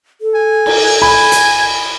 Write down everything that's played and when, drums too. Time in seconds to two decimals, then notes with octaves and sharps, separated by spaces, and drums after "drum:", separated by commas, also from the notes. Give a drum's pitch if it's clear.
0.21 A4
0.34 G#5
0.66 drum: cymbal
1.02 G#5 B5
1.32 drum: hi-hat